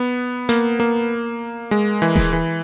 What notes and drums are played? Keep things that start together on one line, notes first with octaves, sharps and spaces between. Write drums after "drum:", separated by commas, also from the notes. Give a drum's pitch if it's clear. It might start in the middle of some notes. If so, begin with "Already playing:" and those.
Already playing: B3
A#3, drum: hi-hat
A#3
G#3
E3
drum: snare D#1
E3